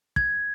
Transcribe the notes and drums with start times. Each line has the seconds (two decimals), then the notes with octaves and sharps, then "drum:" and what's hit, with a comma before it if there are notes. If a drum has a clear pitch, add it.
0.16 G#6, drum: kick